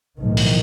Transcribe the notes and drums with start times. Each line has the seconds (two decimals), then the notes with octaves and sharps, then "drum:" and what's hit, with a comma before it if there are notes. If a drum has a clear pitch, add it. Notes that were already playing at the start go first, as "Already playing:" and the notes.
0.19 B1 A2 D#3 F3
0.37 drum: open hi-hat